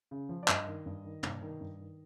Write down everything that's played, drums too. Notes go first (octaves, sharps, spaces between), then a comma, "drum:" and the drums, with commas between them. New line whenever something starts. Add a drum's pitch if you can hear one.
C#3
F3
D5
G2 D#5, drum: clap
D#3
G2
D#3
G2, drum: tom
D#3
G2
D#3